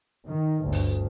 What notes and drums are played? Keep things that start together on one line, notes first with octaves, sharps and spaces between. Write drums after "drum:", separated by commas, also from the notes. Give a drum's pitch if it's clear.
D#3
G1 D2
drum: open hi-hat